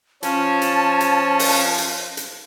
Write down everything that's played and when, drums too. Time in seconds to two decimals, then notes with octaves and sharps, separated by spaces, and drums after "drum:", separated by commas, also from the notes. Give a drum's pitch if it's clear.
0.23 F3 C#4 A5, drum: hi-hat
0.62 drum: hi-hat
1.00 drum: hi-hat
1.39 drum: open hi-hat
1.78 drum: hi-hat
2.17 drum: hi-hat